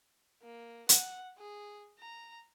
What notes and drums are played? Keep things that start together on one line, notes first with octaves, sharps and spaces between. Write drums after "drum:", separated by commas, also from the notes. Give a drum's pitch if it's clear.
A#3
F#5, drum: hi-hat
G#4
A#5